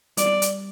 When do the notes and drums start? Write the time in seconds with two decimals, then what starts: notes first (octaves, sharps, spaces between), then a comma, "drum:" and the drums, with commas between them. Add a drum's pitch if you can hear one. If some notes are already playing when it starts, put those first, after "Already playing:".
0.17 G3 D5, drum: hi-hat
0.42 drum: hi-hat